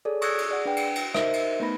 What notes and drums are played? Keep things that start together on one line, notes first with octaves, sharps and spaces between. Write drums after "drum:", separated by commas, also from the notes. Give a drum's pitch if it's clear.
G#4 A4 C#5 D5
C#6 D#6 E6 F#6 G#6 C#7, drum: cymbal
drum: cymbal
G#4 D5 F#5
D4 B4 G5
drum: cymbal
drum: cymbal
D#4 A#4 C5 D#5 E5, drum: rim click
drum: cymbal
A3 B3 D#4 B4 B5 A#6